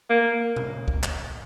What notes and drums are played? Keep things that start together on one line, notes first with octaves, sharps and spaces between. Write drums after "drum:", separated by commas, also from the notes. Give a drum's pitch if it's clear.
A#3
drum: tom A#2
drum: kick
drum: clap